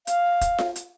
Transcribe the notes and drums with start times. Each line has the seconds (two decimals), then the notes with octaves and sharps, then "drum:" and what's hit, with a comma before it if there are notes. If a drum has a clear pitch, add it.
0.07 F5, drum: hi-hat
0.41 drum: kick, hi-hat
0.58 drum: snare F4
0.76 drum: hi-hat